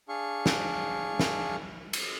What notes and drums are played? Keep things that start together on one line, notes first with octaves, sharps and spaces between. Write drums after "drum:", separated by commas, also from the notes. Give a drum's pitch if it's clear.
D4 G#4 F5 C#6
drum: snare
drum: snare
drum: cymbal